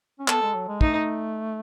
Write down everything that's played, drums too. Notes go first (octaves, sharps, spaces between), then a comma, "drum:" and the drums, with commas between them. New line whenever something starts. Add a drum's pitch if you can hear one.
C#4
B3 A4, drum: clap
G#3
F#3
G#3
A3 D#4, drum: kick